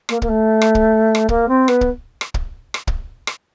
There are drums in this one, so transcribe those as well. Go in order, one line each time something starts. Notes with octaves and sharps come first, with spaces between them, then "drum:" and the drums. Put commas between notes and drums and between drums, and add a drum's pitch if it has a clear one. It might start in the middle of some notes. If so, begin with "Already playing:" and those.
A#3, drum: rim click
A#3, drum: kick
A3
drum: rim click
drum: kick
drum: rim click
A#3, drum: kick
C4
B3, drum: rim click
drum: kick
drum: rim click
drum: kick
drum: rim click
drum: kick
drum: rim click